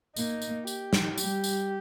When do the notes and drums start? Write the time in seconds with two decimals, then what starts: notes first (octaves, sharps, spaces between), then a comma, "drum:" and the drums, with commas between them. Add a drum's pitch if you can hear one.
0.16 A#3 D#4, drum: tambourine
0.42 drum: tambourine
0.67 G4, drum: tambourine
0.93 drum: snare
1.18 G3 G4, drum: tambourine
1.44 drum: tambourine